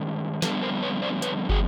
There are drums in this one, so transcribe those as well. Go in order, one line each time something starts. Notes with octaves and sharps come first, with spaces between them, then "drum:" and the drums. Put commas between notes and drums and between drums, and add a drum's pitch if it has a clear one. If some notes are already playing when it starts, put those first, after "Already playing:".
Already playing: G2 D#3 G#3 C#4
F2 D3 G3 B3 A4 B4, drum: snare
A#4 C5
B4 C#5
C5 D5
B4 C#5, drum: hi-hat
F#4 G#4, drum: kick